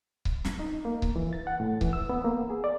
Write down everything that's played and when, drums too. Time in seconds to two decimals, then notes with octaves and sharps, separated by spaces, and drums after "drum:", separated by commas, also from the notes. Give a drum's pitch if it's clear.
0.25 drum: kick C#1
0.45 drum: snare
0.59 D#4
0.85 A#3
1.02 drum: kick C#1
1.16 E3
1.33 A6
1.47 F#5
1.60 A2
1.81 E3, drum: kick C#1
1.93 E6
2.09 B3
2.25 A#3
2.50 G#4
2.64 D5